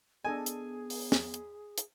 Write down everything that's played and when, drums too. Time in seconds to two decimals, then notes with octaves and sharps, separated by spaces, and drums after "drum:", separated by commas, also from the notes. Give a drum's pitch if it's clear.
0.24 B3 D4 G#4 A4 D#5 G#5
0.46 drum: hi-hat
0.90 drum: open hi-hat
1.12 drum: snare
1.34 drum: hi-hat
1.78 drum: hi-hat